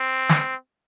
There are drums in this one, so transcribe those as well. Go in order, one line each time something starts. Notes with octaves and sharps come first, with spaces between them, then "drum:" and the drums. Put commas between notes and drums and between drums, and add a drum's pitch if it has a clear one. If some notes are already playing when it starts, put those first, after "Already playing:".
Already playing: C4
drum: snare